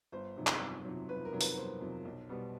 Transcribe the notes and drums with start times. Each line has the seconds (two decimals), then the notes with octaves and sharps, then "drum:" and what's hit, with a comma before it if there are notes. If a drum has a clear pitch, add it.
0.12 G1 C5
0.37 F2 C3 D#3 F#3
0.47 drum: clap
0.60 G1
0.85 F2 C3 D#3 F#3
1.09 G1 B4
1.25 A#4
1.32 F2 C3 D#3 F#3
1.41 B4, drum: open hi-hat
1.57 G1 C5
1.81 F2 C3 D#3 F#3
2.05 B1
2.29 B2 G3 B3